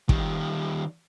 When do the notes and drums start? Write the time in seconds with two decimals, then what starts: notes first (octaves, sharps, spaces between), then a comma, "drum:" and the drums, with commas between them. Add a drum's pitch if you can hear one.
0.09 D#3 G3, drum: kick